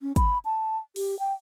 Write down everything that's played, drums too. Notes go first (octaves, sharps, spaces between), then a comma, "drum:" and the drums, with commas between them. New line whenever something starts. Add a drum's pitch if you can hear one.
C#4
B5, drum: kick, hi-hat
A5
G4, drum: open hi-hat
G5